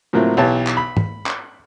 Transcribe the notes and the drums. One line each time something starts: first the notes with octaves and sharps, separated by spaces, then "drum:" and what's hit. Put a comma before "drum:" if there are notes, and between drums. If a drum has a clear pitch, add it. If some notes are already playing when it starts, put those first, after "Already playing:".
A2 F3 F#3 A#3 C4 E4
B1 E3 G4 C#5 A5
drum: clap
B5
drum: tom
drum: clap